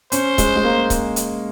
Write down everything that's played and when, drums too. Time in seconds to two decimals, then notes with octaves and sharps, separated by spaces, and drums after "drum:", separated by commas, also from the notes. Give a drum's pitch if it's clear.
0.12 C#4 C5, drum: hi-hat
0.38 G#3, drum: kick C#1, hi-hat
0.56 G#3
0.64 A#3
0.90 drum: kick C#1, hi-hat
1.16 drum: hi-hat